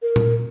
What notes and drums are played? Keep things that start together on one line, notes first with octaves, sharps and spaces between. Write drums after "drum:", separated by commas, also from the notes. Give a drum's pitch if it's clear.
A#4
drum: tom A#2